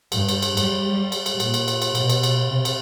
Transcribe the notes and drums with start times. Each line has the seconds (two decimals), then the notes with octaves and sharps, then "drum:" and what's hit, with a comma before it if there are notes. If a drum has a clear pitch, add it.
0.12 G2, drum: cymbal
0.29 drum: cymbal
0.42 drum: cymbal
0.57 G3, drum: cymbal
0.90 G3
1.12 drum: cymbal
1.26 drum: cymbal
1.40 A#2, drum: cymbal
1.54 drum: cymbal
1.68 drum: cymbal
1.82 drum: cymbal
1.95 B2, drum: cymbal
2.09 drum: cymbal
2.23 drum: cymbal
2.48 C3
2.65 drum: cymbal